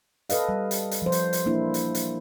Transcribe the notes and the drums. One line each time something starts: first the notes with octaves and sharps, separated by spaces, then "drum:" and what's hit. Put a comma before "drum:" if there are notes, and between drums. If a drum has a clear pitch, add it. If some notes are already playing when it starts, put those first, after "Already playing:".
A4 B4 D#5 F5, drum: hi-hat
G3
drum: hi-hat
drum: hi-hat
F3 C5
drum: hi-hat
drum: hi-hat
A#3 D4 E4
drum: hi-hat
drum: hi-hat